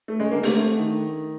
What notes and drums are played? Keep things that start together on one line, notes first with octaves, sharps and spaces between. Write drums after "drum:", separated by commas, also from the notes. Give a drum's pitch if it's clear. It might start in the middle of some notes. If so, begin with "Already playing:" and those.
A3
C#3 G#3
D3 A#3
C3 A3, drum: open hi-hat
D3
D#3